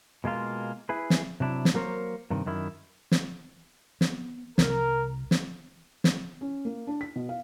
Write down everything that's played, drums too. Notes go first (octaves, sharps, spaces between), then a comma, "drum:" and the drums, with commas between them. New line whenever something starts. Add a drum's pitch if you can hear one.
B2 G#3 A#3 F4
E4 G#4 B4
drum: snare
C3 F#3 D4 E4
drum: snare
F#3 A#3 A#4 C5 C#5
G2 C3 D#3
F#2 D#3 E4
drum: snare
B3, drum: snare
C2 A#4, drum: snare
drum: snare
drum: snare
C#4
A#3
D4
B6
B2
F5